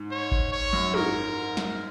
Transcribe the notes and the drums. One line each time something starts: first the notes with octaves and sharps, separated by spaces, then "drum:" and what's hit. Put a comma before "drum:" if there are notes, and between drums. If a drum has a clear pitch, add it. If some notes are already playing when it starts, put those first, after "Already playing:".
Already playing: G#2
C#5
drum: kick G#1
C#5
F#2
G#2 A#4, drum: tom
drum: snare